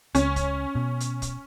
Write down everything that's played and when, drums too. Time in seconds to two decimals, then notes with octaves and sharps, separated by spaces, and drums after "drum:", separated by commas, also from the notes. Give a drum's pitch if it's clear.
0.15 C#2 C#4, drum: hi-hat
0.36 drum: kick, hi-hat
0.75 B2
1.00 drum: hi-hat
1.22 drum: kick, hi-hat